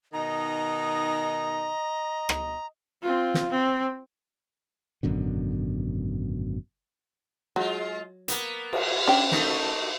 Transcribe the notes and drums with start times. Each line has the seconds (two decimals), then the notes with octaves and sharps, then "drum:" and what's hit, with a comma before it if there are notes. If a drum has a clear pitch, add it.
0.13 B2 D#3 D#4 D#5 A#5
2.29 drum: rim click
3.02 C4 F4
3.34 drum: snare
3.50 C4
5.03 G#1 F#2 B2 D3
7.56 F#3 G#3 F4
8.28 A#3 B3, drum: hi-hat
8.73 drum: cymbal
9.07 C#4 D4 G5
9.32 A3 A#3 D#4, drum: snare